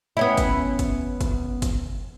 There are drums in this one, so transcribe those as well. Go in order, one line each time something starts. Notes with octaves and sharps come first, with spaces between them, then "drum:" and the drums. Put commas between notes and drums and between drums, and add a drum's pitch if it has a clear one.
B3 C#4 E4
drum: kick, hi-hat
drum: kick, hi-hat
drum: kick, hi-hat
drum: kick, hi-hat